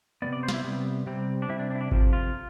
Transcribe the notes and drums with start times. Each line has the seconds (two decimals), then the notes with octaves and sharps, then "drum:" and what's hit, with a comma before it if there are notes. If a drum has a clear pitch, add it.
0.22 C3 G3 B3 D5
0.33 D5
0.43 C5
0.48 F4, drum: snare
0.54 E4
0.64 C3 G3 B3
1.07 C3 G3 C4
1.42 D4
1.49 C3 G3 C4 E4
1.59 D4
1.70 D4
1.75 E4
1.81 D4
1.91 F2 C3 F3, drum: kick G#1
2.13 F4